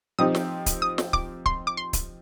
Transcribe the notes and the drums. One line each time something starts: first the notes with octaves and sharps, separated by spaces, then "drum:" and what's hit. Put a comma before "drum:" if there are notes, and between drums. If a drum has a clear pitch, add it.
F3 C4 D#4 G4 D#6
drum: snare
drum: kick, hi-hat
D#6
drum: snare
D6, drum: kick
C6, drum: kick
D6
C6
drum: kick, hi-hat